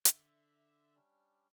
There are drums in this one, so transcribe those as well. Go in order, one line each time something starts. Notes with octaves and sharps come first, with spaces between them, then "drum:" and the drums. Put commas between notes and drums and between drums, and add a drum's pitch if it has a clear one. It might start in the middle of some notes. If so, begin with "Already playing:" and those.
D3 E5, drum: hi-hat
G3 C#4 D4